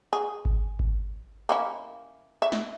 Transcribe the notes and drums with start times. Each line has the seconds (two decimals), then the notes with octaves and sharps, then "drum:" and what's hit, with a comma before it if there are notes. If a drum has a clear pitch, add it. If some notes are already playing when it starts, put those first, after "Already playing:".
0.13 G#4
0.45 drum: kick G#1
0.79 drum: kick G#1
1.49 A#3 C#4 E4
2.42 E5
2.52 drum: snare